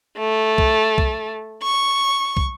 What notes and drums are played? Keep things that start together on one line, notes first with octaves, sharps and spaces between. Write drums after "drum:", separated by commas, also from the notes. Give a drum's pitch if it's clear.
A3
drum: kick
drum: kick
C#6
drum: kick